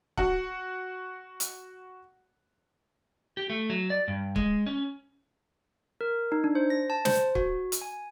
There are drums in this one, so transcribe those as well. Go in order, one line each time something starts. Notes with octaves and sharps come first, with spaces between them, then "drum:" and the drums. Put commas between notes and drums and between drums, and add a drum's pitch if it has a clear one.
F#4 F#5, drum: kick C#1
drum: hi-hat
G4
A3
F#3
D5
G2
G#3, drum: kick C#1
C#4
A#4
D#4
D4
C5
A#6
A5
C5, drum: snare
F#4, drum: kick C#1
drum: hi-hat
G#5